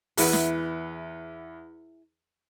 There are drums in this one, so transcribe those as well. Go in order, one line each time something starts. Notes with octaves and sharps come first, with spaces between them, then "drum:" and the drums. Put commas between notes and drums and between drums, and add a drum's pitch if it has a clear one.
E2 E4 G#4 B4 F#5, drum: open hi-hat
drum: snare